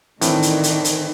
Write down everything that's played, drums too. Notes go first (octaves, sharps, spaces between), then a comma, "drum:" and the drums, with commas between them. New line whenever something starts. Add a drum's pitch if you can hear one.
A2 D#3 E3 C4 D4, drum: hi-hat
drum: hi-hat
drum: hi-hat
drum: hi-hat